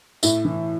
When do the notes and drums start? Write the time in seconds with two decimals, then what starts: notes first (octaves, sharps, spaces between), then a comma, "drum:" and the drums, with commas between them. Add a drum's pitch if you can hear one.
0.23 A2 E5, drum: tambourine
0.45 E3